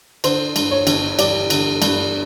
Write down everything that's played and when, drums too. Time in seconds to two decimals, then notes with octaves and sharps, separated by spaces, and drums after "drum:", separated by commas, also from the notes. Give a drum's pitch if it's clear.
0.24 D3 C5, drum: cymbal
0.56 G2, drum: cymbal
0.71 C#5
0.87 G1, drum: cymbal
1.19 G3 D5, drum: cymbal
1.50 D3, drum: cymbal
1.82 G2, drum: cymbal